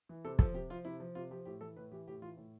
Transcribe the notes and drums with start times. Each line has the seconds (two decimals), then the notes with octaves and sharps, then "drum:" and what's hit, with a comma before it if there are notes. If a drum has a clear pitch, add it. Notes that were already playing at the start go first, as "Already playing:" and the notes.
0.09 E3
0.25 C3 A4
0.39 F3 A4, drum: kick
0.54 C3 G4
0.70 F3 F4
0.85 C3 E4
1.00 F3
1.15 C3 F4
1.31 F3 G4
1.45 A2 G4
1.61 E3 A4
1.77 A2 B4
1.91 E3 G4
2.08 A2 G4
2.22 E3 F4
2.37 A2